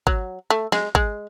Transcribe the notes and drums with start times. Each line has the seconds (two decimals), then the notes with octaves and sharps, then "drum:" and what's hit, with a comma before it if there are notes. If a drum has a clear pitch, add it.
0.07 F#3, drum: kick G#1
0.50 A3
0.72 G#3, drum: snare
0.95 G#3, drum: kick G#1